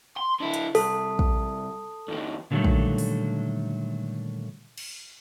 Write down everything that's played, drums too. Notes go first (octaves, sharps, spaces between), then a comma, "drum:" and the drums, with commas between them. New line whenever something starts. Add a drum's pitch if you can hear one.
C6
D3 E4
drum: hi-hat
C2 A4, drum: open hi-hat
drum: kick
F2 D#3
A#2 D3 D#3 F#3 G3 A3
drum: kick
drum: open hi-hat
drum: cymbal